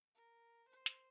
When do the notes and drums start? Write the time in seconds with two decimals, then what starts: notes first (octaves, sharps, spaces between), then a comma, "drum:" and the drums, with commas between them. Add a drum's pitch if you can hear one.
0.16 A#4
0.69 C5
0.86 drum: hi-hat